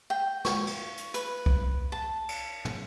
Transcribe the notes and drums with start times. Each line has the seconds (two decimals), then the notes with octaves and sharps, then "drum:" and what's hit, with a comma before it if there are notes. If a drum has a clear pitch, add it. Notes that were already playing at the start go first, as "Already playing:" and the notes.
0.10 G5
0.45 C#6, drum: snare
0.67 drum: cymbal
0.97 drum: hi-hat
1.14 B4, drum: hi-hat
1.46 drum: kick C2
1.92 A5
2.29 drum: cymbal
2.65 drum: tom